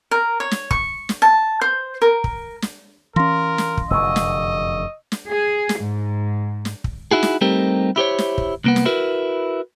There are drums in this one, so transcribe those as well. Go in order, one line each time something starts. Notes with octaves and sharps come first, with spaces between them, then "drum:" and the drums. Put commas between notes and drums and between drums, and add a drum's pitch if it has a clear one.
A#4
C#5
drum: snare
C#6, drum: kick
drum: snare
A5
C5
A#4
drum: kick
drum: snare
E3 C#4 A#4 F5 C6 A#6
drum: snare
drum: kick
F1 F#2 D3 D#5 C#6 E6
drum: snare
drum: snare
G#4
drum: snare
G#2
drum: snare
drum: kick
D#4 E4 F#4 G#4
drum: snare
G3 A3 C4 D#4 G4 A#4
E4 G4 C5 C#5
drum: snare
drum: kick
C2 A#3 B3
drum: snare
E4 F#4 A#4 B4